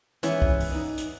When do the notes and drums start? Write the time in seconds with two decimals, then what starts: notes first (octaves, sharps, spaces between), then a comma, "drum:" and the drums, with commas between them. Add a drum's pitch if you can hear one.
0.23 E3 G#3 B3 C#4 E4, drum: hi-hat
0.42 drum: kick
0.60 drum: open hi-hat
0.70 D#4 D5 D#5
0.98 drum: hi-hat